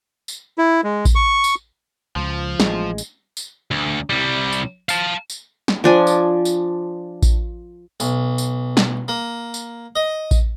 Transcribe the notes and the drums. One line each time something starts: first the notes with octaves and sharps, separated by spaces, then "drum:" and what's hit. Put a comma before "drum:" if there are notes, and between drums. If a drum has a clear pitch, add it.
drum: tambourine
E4
G#3
drum: kick A1, tambourine
C#6
drum: tambourine
C#2 F3
A1 G#3, drum: snare
drum: tambourine
drum: tambourine
D2
C2 G3
drum: tambourine
F5 A5, drum: tambourine
drum: tambourine
drum: snare
F3 D4 G#5
drum: tambourine
drum: tambourine
drum: kick A1, tambourine
B1, drum: tambourine
drum: tambourine
drum: snare
A#3
drum: tambourine
D#5
drum: kick A1, tambourine